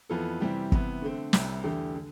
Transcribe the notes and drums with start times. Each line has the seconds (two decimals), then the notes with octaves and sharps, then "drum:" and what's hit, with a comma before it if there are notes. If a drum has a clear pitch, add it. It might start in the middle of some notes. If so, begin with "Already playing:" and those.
0.09 F2 E3 B3 F4 A4
0.41 C3 E3 G3 C4 G4
0.72 C3 E3 B3, drum: kick
1.02 D3 A3 C4
1.33 C2 C3 G3, drum: snare
1.63 E2 D3 A3 D4 G4
1.95 D3